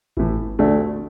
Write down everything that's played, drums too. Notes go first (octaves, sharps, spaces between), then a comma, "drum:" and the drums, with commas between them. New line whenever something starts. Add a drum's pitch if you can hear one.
A2 E3, drum: kick G#1
D2 A3